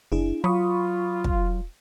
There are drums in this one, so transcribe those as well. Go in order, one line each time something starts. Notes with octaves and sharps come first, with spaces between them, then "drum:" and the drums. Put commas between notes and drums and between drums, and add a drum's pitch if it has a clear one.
F#1 D4 E4 G#4
F#3 F4 B5 C#6 D#6
drum: kick